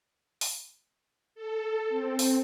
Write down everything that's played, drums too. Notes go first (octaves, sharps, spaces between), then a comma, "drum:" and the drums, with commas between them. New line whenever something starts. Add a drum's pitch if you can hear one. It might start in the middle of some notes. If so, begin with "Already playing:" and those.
drum: open hi-hat
A4
C4
drum: open hi-hat